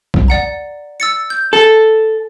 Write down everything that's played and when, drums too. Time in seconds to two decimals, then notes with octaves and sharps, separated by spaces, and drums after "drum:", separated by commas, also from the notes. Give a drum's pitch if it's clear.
0.14 drum: kick
0.28 D5 F#5 A#5
1.00 E6 A6 C#7
1.30 G6
1.53 A4